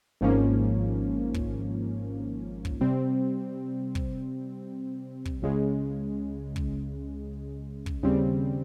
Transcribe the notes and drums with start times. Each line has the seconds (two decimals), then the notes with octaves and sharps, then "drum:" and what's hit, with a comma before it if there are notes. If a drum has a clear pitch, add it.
0.21 G#1 G#2 F3 A#3 C#4
1.34 drum: kick
2.65 drum: kick
2.81 C3 G3 C4
3.95 drum: kick
5.25 drum: kick
5.42 C#2 C#3 G#3
6.56 drum: kick
7.86 drum: kick
8.03 D#2 C#3 G3 C4